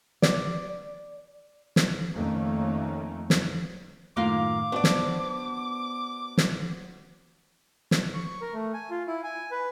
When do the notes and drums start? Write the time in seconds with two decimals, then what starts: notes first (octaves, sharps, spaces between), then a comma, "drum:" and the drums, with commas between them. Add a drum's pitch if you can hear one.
0.22 D5, drum: snare
1.76 drum: snare
2.14 F2 D#3 A3 A#3 C#4
3.30 drum: snare
4.17 F#2 A2 D#3 A#3 F4 F5 D6
4.72 B3 D4 F#4 C5 D5
4.84 drum: snare
6.38 drum: snare
7.91 drum: snare
8.14 C#6
8.41 A#4
8.54 A3
8.74 G#5
8.90 F4
9.08 E4
9.24 G#5
9.51 B4